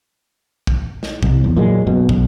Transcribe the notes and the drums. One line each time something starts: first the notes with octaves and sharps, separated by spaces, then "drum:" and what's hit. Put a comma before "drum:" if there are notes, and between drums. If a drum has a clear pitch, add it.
drum: kick
drum: snare
C2, drum: kick
E2
A#2 F#3 G#3
F#2 B2
B1, drum: kick